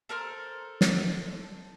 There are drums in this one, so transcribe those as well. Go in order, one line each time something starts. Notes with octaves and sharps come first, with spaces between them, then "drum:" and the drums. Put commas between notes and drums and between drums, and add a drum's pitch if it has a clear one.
A4 A#4 C5 F6
drum: snare